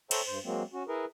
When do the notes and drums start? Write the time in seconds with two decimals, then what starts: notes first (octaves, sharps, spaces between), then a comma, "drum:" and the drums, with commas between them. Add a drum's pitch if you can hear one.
0.11 A4 C5 C#5 E5 G5 A#5, drum: cymbal
0.27 G2 C5
0.44 F#3 G#3 A#3 C4
0.73 C#4 F#4
0.88 E4 G#4 A#4 B4